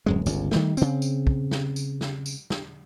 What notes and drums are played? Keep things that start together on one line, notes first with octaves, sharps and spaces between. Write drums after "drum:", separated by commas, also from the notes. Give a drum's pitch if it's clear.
D1 F#2 G#3
G1 C#2, drum: tambourine
D#3 G3 A3, drum: snare
C#3 C4, drum: tambourine
drum: tambourine
drum: kick
drum: snare
drum: tambourine
drum: snare
drum: tambourine
drum: snare